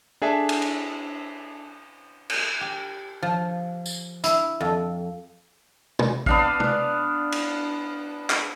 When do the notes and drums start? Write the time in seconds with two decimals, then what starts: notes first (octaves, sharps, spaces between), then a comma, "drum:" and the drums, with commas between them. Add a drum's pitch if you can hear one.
0.22 D4 G#4 A4 E5 A5
0.49 drum: cymbal
0.62 drum: cymbal
2.30 drum: cymbal
2.61 G4
3.22 F3
3.86 drum: tambourine
4.24 E4, drum: hi-hat
4.61 F2
5.99 drum: tom
6.26 B3 D4 F5, drum: kick
6.60 drum: tom
7.32 drum: cymbal
8.30 drum: clap